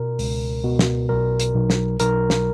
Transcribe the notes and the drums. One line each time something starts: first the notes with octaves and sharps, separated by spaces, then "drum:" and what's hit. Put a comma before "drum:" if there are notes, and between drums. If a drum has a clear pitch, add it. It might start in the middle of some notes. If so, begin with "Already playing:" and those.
Already playing: B2 A#4
C#2, drum: open hi-hat
B2
drum: snare
B1 A#4
drum: hi-hat
B1
drum: snare
B1 A#4, drum: hi-hat
drum: snare